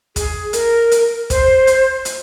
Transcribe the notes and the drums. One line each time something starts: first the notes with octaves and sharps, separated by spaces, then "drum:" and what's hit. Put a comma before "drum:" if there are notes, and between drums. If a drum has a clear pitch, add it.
G#4, drum: kick, hi-hat
A#4, drum: hi-hat
drum: hi-hat
C5, drum: kick, hi-hat
drum: hi-hat
drum: hi-hat